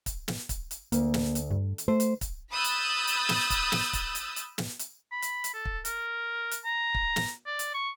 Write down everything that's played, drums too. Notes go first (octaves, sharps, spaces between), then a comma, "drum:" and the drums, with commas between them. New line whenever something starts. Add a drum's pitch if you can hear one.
drum: kick, hi-hat
drum: snare
drum: kick, hi-hat
drum: hi-hat
D2 A#3, drum: hi-hat
drum: snare
drum: hi-hat
G2
drum: hi-hat
A3 C5
drum: hi-hat
drum: kick, hi-hat
B5 D#6 E6 F#6 G6 A6
drum: hi-hat
drum: hi-hat
drum: snare
drum: kick, hi-hat
drum: snare
drum: kick, hi-hat
drum: hi-hat
drum: hi-hat
drum: snare
drum: hi-hat
B5
drum: hi-hat
drum: hi-hat
A4
drum: kick
A#4, drum: hi-hat
drum: hi-hat
A#5
drum: kick
drum: snare
D5
drum: hi-hat
C#6